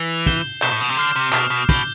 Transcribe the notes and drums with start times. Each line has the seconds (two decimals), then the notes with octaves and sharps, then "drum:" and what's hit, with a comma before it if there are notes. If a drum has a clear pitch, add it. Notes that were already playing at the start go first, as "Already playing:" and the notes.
Already playing: E3
0.26 G6 C7 E7 G7, drum: kick
0.62 B2 G6 C7 E7 G7, drum: clap
0.71 A2
0.81 B2
0.89 C3
0.97 D3 D6 F6 C7
1.16 C3
1.33 B2 D6 F6 C7, drum: clap
1.50 B2
1.69 B2 G6 C7 G7, drum: kick